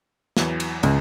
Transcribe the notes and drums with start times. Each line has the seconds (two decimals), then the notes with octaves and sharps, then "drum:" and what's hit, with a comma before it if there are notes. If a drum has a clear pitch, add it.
0.37 E2 E3 F#3, drum: snare
0.60 drum: cymbal
0.83 C#2, drum: cymbal